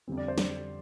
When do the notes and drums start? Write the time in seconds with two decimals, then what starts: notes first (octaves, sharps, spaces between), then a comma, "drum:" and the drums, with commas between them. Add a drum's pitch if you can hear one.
0.08 F2 D3 G3 C4
0.17 D5
0.28 C5
0.38 D5, drum: snare